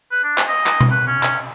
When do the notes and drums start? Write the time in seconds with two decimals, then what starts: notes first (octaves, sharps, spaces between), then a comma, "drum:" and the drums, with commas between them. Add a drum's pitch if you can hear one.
0.11 B4
0.24 D4
0.38 drum: clap
0.49 D#5
0.66 drum: clap
0.81 drum: tom B2
0.91 B4
1.07 C#4
1.23 drum: clap